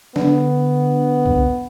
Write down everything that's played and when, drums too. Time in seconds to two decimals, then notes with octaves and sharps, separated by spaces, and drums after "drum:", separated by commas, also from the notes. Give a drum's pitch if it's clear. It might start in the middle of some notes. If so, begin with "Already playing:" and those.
0.16 D3 B3, drum: snare
1.26 drum: kick C2